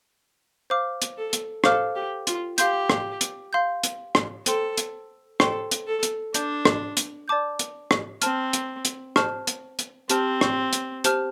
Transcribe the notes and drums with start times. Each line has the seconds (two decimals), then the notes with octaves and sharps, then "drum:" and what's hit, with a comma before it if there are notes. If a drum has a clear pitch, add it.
0.70 C5 F5 D6 F6
1.02 drum: hi-hat
1.18 A4
1.33 drum: hi-hat
1.64 A4 C5 F5 D6 F6, drum: rim click
1.96 G4
2.27 F4, drum: hi-hat
2.58 G4 F5 C6 G6, drum: hi-hat
2.90 drum: rim click
3.21 drum: hi-hat
3.53 F5 C6 G6
3.84 drum: hi-hat
4.15 drum: rim click
4.46 A4 C5 G5 C6, drum: hi-hat
4.77 drum: hi-hat
5.40 A4 C5 G5 C6, drum: rim click
5.71 drum: hi-hat
5.87 A4
6.03 drum: hi-hat
6.34 D4 D5 A5 D6 G6, drum: hi-hat
6.65 drum: rim click
6.97 drum: hi-hat
7.28 D5 A5 D6 G6
7.59 drum: hi-hat
7.91 drum: rim click
8.22 C4 C5 A5 F6, drum: hi-hat
8.53 drum: hi-hat
8.85 drum: hi-hat
9.16 C5 A5 F6, drum: rim click
9.47 drum: hi-hat
9.79 drum: hi-hat
10.09 C4 G4 C5 A5 F6, drum: hi-hat
10.41 drum: rim click
10.73 drum: hi-hat
11.04 G4 C5 A5 F6, drum: hi-hat